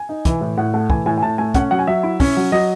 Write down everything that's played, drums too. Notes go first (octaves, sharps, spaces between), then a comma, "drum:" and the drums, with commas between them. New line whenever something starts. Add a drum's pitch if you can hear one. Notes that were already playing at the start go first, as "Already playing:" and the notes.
Already playing: G#5
D#4
E3, drum: kick, hi-hat
A2
A2 F#5
A3 F#5
E3 G#5, drum: kick
A2 G#5
G#5
A2 A5
A3 G#5
C#4 F#5, drum: kick, hi-hat
F#3 F#5
G#5
F#3 E5
E4
C#4, drum: kick, open hi-hat
F#3
F#3 D#5